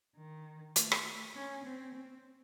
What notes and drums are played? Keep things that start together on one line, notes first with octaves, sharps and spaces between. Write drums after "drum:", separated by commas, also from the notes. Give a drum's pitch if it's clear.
D#3
A3, drum: hi-hat
drum: rim click
C#4
C4
C4